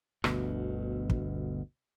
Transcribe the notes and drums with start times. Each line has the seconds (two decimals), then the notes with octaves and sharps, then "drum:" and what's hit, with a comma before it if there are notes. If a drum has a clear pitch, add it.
0.24 G1 D2 B2, drum: rim click
1.09 drum: kick